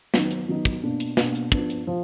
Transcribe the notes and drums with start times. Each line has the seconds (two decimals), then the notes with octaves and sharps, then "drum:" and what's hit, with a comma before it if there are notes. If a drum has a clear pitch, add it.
0.14 D#3 F#3 B3 D#4, drum: snare
0.30 drum: hi-hat
0.47 D#3 F#3 B3 D#4
0.65 drum: kick, hi-hat
0.82 B2 A#3 D4
1.00 drum: hi-hat
1.17 B2 A#3 D4, drum: snare
1.35 drum: hi-hat
1.52 F3 B3 D4, drum: kick
1.70 drum: hi-hat
1.87 F3